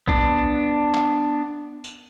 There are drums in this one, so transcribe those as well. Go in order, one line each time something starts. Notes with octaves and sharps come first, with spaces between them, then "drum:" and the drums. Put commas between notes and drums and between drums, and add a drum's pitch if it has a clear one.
B3 D4, drum: kick
drum: clap
drum: tambourine